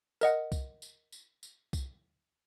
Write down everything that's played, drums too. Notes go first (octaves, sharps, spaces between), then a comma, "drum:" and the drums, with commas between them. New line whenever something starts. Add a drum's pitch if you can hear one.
A#4 D#5 F#5, drum: tambourine
drum: kick C2, tambourine
drum: tambourine
drum: tambourine
drum: tambourine
drum: kick C2, tambourine